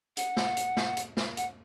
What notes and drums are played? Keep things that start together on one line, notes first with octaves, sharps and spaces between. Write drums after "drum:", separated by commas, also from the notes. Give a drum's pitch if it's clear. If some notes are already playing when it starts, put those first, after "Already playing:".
F#5, drum: hi-hat
drum: snare
drum: hi-hat
drum: snare
drum: hi-hat
drum: snare
F#5, drum: hi-hat